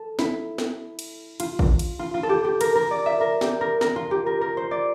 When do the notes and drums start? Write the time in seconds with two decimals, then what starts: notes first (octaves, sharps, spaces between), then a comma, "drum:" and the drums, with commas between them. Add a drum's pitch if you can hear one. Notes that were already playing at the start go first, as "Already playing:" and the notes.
Already playing: A4
0.19 E4, drum: snare
0.58 drum: snare
0.99 drum: cymbal
1.40 F4, drum: cymbal
1.59 drum: kick
1.79 drum: cymbal
1.99 F4
2.14 F4
2.23 A4
2.29 G4
2.44 G4
2.61 A#4, drum: cymbal
2.75 A#4
2.91 D5
3.06 E5
3.21 A#4
3.41 G4, drum: snare
3.61 A#4
3.81 A#4, drum: snare
3.96 F4
4.11 G4
4.26 A#4
4.41 A#4
4.57 C5
4.71 D5